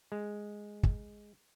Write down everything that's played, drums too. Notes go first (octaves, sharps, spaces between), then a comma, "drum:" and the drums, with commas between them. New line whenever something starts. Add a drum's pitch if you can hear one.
G#3
drum: kick